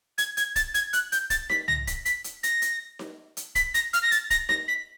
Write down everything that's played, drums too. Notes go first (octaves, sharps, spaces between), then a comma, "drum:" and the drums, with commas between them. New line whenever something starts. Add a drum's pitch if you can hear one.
G#6, drum: hi-hat
G#6, drum: hi-hat
A6, drum: kick, hi-hat
G#6, drum: hi-hat
F#6, drum: hi-hat
G6, drum: hi-hat
A6, drum: kick, hi-hat
B6, drum: snare D#4
A#6, drum: tom
B6, drum: kick, hi-hat
B6, drum: hi-hat
drum: hi-hat
A#6, drum: hi-hat
drum: hi-hat
drum: snare D#4
drum: hi-hat
B6, drum: kick, hi-hat
A#6, drum: hi-hat
F6, drum: hi-hat
A#6
A6, drum: hi-hat
A#6, drum: kick, hi-hat
A#6, drum: snare D#4
B6